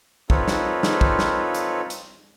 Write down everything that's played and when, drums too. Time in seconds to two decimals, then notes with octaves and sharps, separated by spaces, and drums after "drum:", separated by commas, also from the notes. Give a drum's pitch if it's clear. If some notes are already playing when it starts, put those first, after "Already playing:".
0.30 C4 D#4 F4 A4 B4 C#5, drum: kick
0.48 drum: snare
0.83 drum: snare
1.01 drum: kick
1.19 drum: snare
1.55 drum: hi-hat
1.90 drum: hi-hat